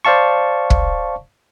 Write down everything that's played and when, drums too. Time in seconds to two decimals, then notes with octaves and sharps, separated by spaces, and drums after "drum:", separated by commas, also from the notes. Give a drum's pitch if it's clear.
0.05 C5 D5 F5 A5 C#6
0.70 drum: kick